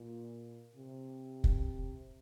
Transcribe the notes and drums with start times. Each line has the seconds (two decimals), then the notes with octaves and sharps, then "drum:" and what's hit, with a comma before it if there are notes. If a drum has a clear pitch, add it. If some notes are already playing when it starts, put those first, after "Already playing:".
Already playing: A#2
0.75 C3
1.44 drum: kick